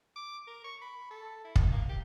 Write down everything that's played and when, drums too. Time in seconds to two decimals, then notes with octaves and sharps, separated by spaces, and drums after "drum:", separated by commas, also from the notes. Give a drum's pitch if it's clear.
0.16 D6
0.47 A#4
0.64 C#6
0.82 B5
1.10 A4
1.45 E4
1.56 drum: kick
1.72 A#3
1.89 G4